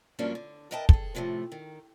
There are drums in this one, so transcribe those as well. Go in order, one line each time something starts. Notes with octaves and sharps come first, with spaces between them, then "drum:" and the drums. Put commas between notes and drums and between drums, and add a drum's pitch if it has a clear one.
G2 F3 F#3 A#3 C#4 D4
D3
A#4 B4 D#5 E5 G5 A5
G#4 A4, drum: kick
A2 C3 F3 G#3 A3
D#3